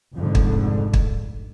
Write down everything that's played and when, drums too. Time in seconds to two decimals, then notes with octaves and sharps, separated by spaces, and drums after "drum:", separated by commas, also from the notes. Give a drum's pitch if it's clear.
0.15 F1 F2 G#2 D3
0.35 drum: kick
0.94 drum: kick